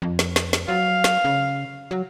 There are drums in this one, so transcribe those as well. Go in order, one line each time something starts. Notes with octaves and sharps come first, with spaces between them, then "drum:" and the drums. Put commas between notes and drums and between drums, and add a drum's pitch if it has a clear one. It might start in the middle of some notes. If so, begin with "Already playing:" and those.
F2
drum: snare
drum: snare
drum: snare
F#3 F5
drum: snare
C#3
F#3